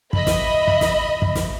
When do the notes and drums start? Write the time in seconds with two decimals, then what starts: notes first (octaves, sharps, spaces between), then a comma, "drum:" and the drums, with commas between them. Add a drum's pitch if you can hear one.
0.13 D#5 E5 B5, drum: kick
0.27 drum: snare
0.67 drum: kick
0.81 drum: snare
1.22 drum: kick
1.35 drum: snare